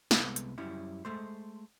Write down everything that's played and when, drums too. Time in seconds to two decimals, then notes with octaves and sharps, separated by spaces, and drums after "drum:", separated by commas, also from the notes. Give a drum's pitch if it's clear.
0.11 C2 G#3 B3 A4 B4, drum: snare
0.36 drum: hi-hat
0.58 F#2 G3 C#4 E4
1.05 G#3 A3 C5